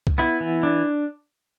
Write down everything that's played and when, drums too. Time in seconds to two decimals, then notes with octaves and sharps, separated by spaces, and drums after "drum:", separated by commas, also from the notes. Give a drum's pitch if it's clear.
0.07 drum: kick
0.18 B3 E4
0.41 E3
0.63 D4